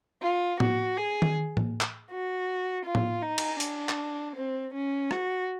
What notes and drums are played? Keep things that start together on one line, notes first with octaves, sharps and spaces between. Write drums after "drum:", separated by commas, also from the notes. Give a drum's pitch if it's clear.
F4
F#4, drum: tom
G#4
drum: tom D#3
drum: tom
drum: clap
F#4
F4
drum: tom
D#4
drum: cymbal
D4, drum: hi-hat
drum: clap
C4
C#4
F#4, drum: rim click